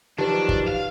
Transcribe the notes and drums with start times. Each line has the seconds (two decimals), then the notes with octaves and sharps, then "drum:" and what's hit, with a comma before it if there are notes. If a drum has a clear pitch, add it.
0.18 D#3 F3 F#3 D4 G4 B4
0.49 drum: kick
0.67 F5